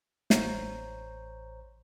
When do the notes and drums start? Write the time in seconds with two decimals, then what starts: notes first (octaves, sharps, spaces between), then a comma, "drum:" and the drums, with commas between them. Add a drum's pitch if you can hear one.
0.30 A1 C5 C#5 A#5 G6, drum: snare